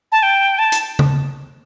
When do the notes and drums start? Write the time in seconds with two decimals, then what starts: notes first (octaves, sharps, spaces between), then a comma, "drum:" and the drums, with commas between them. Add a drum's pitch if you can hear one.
0.12 A5
0.23 G5
0.59 A5
0.72 drum: hi-hat
0.99 drum: tom